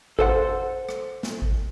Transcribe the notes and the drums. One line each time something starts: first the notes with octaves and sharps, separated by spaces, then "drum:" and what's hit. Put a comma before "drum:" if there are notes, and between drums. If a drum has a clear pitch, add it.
A4 C5 F#5, drum: kick G#1
drum: rim click
drum: snare
drum: kick G#1